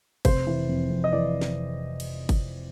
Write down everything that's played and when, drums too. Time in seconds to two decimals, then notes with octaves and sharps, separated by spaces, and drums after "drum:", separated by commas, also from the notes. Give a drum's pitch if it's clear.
0.25 F1 C5, drum: kick G1, cymbal
0.47 E3
0.69 F2
0.90 F2
1.04 D#5
1.12 E3 D5
1.41 drum: snare
2.00 drum: cymbal
2.29 drum: kick G1, cymbal